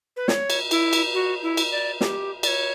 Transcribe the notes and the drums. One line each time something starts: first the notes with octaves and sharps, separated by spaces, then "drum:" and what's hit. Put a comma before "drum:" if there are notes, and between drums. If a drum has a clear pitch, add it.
B4
C#5, drum: snare
drum: cymbal
E4, drum: cymbal
drum: cymbal
F#4
E4
drum: cymbal
D5
G4, drum: snare
D5, drum: cymbal
C#5